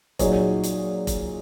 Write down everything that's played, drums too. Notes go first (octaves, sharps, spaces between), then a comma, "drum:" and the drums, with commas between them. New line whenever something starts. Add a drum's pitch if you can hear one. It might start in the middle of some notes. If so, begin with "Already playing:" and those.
A#2 F#3 D#4 G#4 C#5, drum: kick F1, hi-hat
drum: hi-hat
drum: kick F1, hi-hat